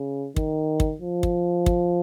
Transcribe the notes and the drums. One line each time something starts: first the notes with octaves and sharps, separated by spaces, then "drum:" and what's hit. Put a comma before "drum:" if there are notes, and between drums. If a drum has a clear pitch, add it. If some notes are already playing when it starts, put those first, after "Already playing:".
Already playing: C#3
D#3, drum: kick
drum: kick
F3
drum: kick
drum: kick